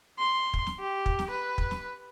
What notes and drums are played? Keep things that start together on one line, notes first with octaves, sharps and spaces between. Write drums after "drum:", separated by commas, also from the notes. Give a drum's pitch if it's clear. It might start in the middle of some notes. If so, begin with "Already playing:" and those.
C6
drum: kick
drum: snare
G4
drum: kick
drum: snare
B4
drum: kick
drum: snare